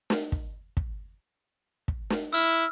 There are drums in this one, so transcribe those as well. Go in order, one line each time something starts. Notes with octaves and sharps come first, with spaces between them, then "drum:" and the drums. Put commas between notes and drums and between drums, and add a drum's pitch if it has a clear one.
drum: snare
drum: kick
drum: kick
drum: kick
drum: snare
E4 E6 F6